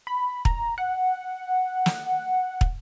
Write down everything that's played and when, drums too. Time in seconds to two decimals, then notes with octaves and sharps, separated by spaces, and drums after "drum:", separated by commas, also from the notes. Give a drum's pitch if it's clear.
0.07 B5
0.45 A#5, drum: kick
0.78 F#5
1.86 drum: snare
2.61 drum: kick